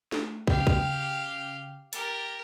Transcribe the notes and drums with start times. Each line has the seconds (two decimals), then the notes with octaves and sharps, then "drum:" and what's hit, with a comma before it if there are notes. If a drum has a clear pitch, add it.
0.12 A3, drum: snare
0.47 C#3 G4 F5 G5, drum: kick
0.67 drum: kick
1.93 G4 A#4 A6, drum: hi-hat